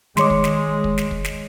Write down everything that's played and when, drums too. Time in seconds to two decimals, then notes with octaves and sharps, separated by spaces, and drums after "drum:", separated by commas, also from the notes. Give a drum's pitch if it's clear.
0.17 D#3 G#3 C#5 C6 D6, drum: snare
0.30 drum: kick
0.44 drum: snare
0.84 drum: kick
0.98 drum: snare
1.11 drum: kick
1.24 drum: snare